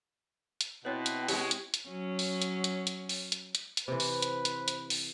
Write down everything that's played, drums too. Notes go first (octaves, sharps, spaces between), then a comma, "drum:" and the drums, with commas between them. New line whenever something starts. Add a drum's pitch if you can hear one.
drum: hi-hat
B2 C4 E4 B4 C#5
drum: hi-hat
G#3 C#4 G4, drum: open hi-hat
drum: hi-hat
drum: hi-hat
F#3 C#4
drum: open hi-hat
drum: hi-hat
drum: hi-hat
drum: hi-hat
drum: open hi-hat
drum: hi-hat
drum: hi-hat
drum: hi-hat
C3 E3 B4 C5
drum: open hi-hat
drum: hi-hat
drum: hi-hat
drum: hi-hat
drum: open hi-hat